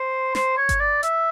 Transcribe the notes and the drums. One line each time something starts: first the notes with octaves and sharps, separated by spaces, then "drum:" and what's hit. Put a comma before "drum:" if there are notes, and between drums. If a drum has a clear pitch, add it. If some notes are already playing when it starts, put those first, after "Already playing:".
Already playing: C5
C5, drum: snare
C#5
drum: kick G1, hi-hat
D5
E5, drum: hi-hat